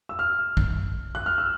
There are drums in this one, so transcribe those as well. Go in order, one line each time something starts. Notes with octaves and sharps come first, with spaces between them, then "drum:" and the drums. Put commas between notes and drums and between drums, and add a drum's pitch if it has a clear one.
E6
F6
drum: kick A#1
F#6
F6
E6